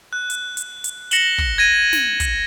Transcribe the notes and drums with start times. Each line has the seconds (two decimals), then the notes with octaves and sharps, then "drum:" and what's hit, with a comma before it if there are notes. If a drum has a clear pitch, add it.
0.13 F#6
0.30 drum: hi-hat
0.57 drum: hi-hat
0.84 drum: hi-hat
1.11 A#6 C#7 E7 F#7 G7, drum: hi-hat
1.38 drum: kick
1.58 G#6 A#6 D#7
1.93 drum: snare
2.20 drum: kick, hi-hat